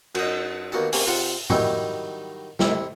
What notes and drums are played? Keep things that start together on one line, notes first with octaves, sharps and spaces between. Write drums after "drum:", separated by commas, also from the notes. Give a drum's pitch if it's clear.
F#2 D#5, drum: cymbal
D#2 A#3 B3 F#4 A5
C3 A#3 C#4, drum: open hi-hat
C3 F4 F#5 A5
D#3 F#3 G3 D#4 E4, drum: tom G#2
C3 E4, drum: snare